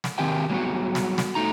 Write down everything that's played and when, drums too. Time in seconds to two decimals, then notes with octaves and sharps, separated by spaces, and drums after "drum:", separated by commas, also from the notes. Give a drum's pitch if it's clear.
0.04 drum: snare
0.18 D#3 C4 G4 G5 G#5
0.50 F#3 G3 B3 F#4
0.95 drum: snare
1.18 drum: snare
1.35 A3 D#4 A#5